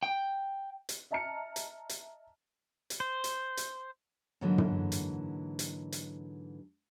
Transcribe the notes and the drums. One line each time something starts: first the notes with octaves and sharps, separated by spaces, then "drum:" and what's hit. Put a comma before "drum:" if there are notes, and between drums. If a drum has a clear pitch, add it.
G5
drum: hi-hat
D#5 E5 A5 A#5 F6 C#7
drum: hi-hat
drum: hi-hat
drum: hi-hat
C5
drum: hi-hat
drum: hi-hat
G#2 D3 E3 F#3 A#3 D#4
drum: tom
drum: hi-hat
drum: hi-hat
drum: hi-hat